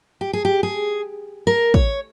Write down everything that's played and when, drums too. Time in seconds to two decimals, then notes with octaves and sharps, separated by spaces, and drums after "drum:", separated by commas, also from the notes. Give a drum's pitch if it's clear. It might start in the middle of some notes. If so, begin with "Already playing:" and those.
0.21 G4
0.33 G#4
0.45 G4
0.63 G#4
1.47 A#4
1.74 C#5, drum: kick